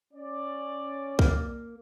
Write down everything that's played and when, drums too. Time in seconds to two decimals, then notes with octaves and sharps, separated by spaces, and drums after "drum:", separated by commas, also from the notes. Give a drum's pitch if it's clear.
0.14 C#4 D5
1.19 A#3, drum: kick